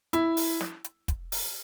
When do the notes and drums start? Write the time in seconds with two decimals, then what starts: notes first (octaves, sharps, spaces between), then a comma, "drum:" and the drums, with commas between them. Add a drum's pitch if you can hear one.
0.13 E4, drum: hi-hat
0.37 drum: open hi-hat
0.61 drum: snare
0.84 drum: hi-hat
1.08 drum: kick, hi-hat
1.32 drum: open hi-hat